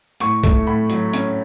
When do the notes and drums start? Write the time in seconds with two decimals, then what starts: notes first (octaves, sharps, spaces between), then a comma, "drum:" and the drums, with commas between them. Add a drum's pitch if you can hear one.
0.20 A2 C#6, drum: hi-hat
0.44 A3, drum: kick, hi-hat
0.67 A2 B5
0.90 F#3, drum: hi-hat
1.13 C#4, drum: hi-hat